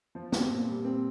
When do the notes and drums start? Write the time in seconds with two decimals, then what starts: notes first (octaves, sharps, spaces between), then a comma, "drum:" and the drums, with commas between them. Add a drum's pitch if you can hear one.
0.15 F3
0.32 C4, drum: snare
0.50 A#2
0.68 G3
0.85 C4